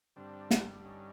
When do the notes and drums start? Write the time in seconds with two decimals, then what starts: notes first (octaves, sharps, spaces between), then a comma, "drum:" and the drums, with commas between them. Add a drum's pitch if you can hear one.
0.16 G2 D3 G3 C4 D4
0.51 drum: snare
0.85 C#4 D#4